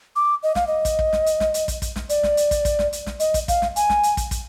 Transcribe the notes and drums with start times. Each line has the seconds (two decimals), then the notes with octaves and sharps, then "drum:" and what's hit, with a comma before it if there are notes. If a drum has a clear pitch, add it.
0.16 D6
0.43 D#5
0.55 F5, drum: snare
0.67 D#5
0.85 drum: kick, hi-hat
0.99 drum: kick
1.13 drum: snare
1.26 drum: hi-hat
1.40 drum: snare
1.54 drum: hi-hat
1.68 drum: kick, hi-hat
1.82 drum: kick, hi-hat
1.96 drum: snare
2.09 D5, drum: hi-hat
2.23 drum: snare
2.37 drum: hi-hat
2.51 drum: kick, hi-hat
2.65 drum: kick, hi-hat
2.79 drum: snare
2.93 drum: hi-hat
3.06 drum: snare
3.20 D#5, drum: hi-hat
3.34 drum: kick, hi-hat
3.48 F5, drum: kick, hi-hat
3.62 drum: snare
3.76 G#5, drum: hi-hat
3.90 drum: snare
4.03 drum: hi-hat
4.17 drum: kick, hi-hat
4.31 drum: kick, hi-hat